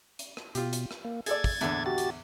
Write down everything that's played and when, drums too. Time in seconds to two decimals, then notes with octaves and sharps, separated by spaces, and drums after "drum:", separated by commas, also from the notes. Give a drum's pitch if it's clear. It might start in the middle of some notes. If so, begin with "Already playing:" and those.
0.19 drum: hi-hat
0.37 drum: rim click
0.55 B2 F4 G4, drum: hi-hat
0.73 drum: hi-hat
0.91 drum: rim click
1.05 A#3
1.26 G#4 A4 D5 G#6 A6, drum: hi-hat
1.44 drum: kick, open hi-hat
1.61 E2 A2 D3, drum: hi-hat
1.86 F#4 G4 A6
1.98 drum: hi-hat